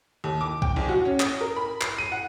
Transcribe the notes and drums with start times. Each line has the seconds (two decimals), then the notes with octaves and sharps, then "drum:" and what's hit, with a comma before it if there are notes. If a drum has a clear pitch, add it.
0.24 D#2
0.41 D6
0.62 G5, drum: kick C2
0.76 A#1
0.89 F#4
1.05 C#4
1.20 D#6, drum: clap
1.41 A#4
1.57 B5
1.81 C7, drum: clap
1.98 D#7
2.12 F#5